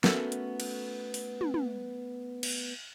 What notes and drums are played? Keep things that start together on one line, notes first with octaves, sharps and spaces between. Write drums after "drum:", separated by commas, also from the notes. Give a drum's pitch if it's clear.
A3 B3 C#4 F#4 A4 A#4, drum: snare
drum: hi-hat
drum: cymbal
drum: open hi-hat
drum: tom
drum: tom
drum: cymbal